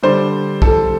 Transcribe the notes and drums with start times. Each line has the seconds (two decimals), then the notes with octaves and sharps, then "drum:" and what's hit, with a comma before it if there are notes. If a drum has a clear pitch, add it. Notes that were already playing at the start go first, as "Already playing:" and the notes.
0.03 D3 G3 D4 C5
0.62 A4, drum: kick